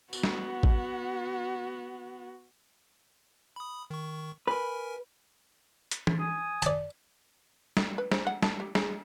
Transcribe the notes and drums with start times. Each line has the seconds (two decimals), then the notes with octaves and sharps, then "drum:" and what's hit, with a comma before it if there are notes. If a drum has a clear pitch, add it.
0.13 B3 F#4, drum: tambourine
0.23 drum: snare
0.63 drum: kick
3.56 B5 D#6
3.91 D#3 C#6
4.47 A#4 B4 G#5
5.91 drum: hi-hat
6.07 drum: tom
6.18 G#5 D#6
6.62 D5 A5, drum: hi-hat
7.77 drum: snare
7.98 B4
8.12 C5, drum: snare
8.27 F#5
8.43 A5, drum: snare
8.60 G4
8.75 G#4, drum: snare